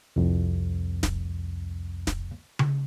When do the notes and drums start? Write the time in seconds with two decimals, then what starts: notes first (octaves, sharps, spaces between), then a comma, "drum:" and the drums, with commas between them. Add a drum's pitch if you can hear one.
0.16 C2 F2
1.03 drum: snare
2.07 drum: snare
2.59 drum: tom C#3